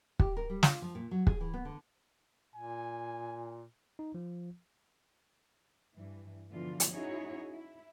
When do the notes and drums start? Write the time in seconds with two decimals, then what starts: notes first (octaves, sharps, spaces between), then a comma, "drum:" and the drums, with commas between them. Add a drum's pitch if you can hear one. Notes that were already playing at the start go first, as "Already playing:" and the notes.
0.19 G4, drum: kick
0.37 A#4
0.50 G3
0.63 F4, drum: snare
0.82 F3
0.95 A#2
1.11 F#3
1.27 G#4, drum: kick
1.41 E3
1.54 B3
1.65 D3
2.55 A#2 G#5
3.99 D#4
4.14 F3
5.95 G2 E3
6.51 B2 D3 E3 F3 F4
6.80 drum: hi-hat
6.92 C#4 D#4 E4 F#4 G#4 C#5
7.52 E4